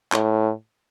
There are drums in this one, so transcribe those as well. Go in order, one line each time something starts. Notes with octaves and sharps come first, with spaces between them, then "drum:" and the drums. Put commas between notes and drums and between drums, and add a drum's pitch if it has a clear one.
A2, drum: clap